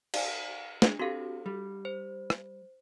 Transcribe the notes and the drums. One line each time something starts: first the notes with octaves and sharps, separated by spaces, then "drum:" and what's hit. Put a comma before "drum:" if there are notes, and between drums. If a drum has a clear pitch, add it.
D#4 D5 F5 G#5, drum: cymbal
G#3 D4, drum: snare
C4 F#4 G4 A4 F5 C6
G3
C5
drum: rim click